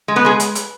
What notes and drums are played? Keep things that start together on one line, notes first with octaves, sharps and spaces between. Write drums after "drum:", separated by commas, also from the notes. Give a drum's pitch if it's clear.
G#3
B3 B4
G#3 G#4
drum: hi-hat
drum: hi-hat